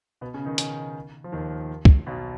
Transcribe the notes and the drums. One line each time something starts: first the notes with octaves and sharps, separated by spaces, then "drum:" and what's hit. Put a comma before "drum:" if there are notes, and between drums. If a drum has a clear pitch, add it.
B2 B3
C#3 C#4
D#3 D#4
C#3 C#4, drum: hi-hat
F3
D#2 D#3
drum: kick C2
B1 B2